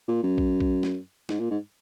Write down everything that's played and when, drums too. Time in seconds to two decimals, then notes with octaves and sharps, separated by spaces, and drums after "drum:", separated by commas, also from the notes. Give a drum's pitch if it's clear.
0.08 A#2
0.23 F#2
0.38 drum: kick
0.61 drum: kick
0.83 drum: snare
1.29 G#2, drum: snare
1.40 A#2
1.51 G#2